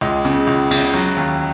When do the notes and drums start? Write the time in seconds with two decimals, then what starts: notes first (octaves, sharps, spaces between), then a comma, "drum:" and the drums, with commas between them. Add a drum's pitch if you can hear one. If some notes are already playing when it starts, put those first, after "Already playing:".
0.01 C#2 G#3
0.25 C#3
0.47 C#2
0.71 C#3, drum: cymbal
0.94 F#3
1.17 D#2